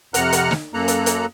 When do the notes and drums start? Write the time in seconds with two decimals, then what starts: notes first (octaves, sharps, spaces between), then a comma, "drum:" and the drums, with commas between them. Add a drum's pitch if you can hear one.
0.14 F2 C3 F#5 A#5 F6 F#6, drum: hi-hat
0.33 drum: hi-hat
0.51 drum: snare
0.74 F#2 A#3 A4 A#5 F#6
0.88 drum: hi-hat
1.06 drum: hi-hat